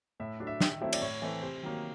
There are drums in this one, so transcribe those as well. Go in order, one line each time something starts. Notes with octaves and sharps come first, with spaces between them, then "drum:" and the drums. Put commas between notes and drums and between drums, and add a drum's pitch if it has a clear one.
A2 E5
F#3 A3 D4
E5
D#3, drum: snare
F#3 A3 C4 E4
D5, drum: cymbal
A2 C#5
E3 A3 C4
C3 C5
D#3 F#3 A#3